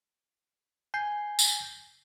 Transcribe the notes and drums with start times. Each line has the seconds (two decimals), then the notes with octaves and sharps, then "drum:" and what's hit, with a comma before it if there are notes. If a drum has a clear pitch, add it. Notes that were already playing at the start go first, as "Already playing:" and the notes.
0.94 G#5 G6 C7
1.39 drum: tambourine